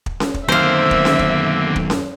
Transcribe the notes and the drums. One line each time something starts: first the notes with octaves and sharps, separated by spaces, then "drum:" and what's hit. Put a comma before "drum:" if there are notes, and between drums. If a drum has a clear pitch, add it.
drum: kick
drum: snare C#4
drum: kick
F#2 D3 D#3 A#3 C4 C5 E5 F5
drum: kick
drum: snare C#4
drum: kick
drum: kick
drum: snare C#4